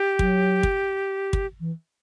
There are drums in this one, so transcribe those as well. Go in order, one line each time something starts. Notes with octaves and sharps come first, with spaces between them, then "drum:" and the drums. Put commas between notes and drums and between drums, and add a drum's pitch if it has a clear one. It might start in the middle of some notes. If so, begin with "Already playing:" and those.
Already playing: G4
F#3, drum: kick
drum: kick
drum: kick
E3